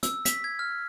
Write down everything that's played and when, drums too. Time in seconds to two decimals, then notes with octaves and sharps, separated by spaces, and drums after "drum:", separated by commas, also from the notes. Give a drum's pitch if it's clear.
0.03 E6, drum: hi-hat
0.25 B6, drum: hi-hat
0.44 G#6
0.59 F6